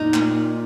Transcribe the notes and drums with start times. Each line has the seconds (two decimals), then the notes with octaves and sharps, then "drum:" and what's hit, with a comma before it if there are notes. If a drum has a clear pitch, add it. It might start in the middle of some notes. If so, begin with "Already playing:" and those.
Already playing: A#2 D#4
0.14 A#2, drum: clap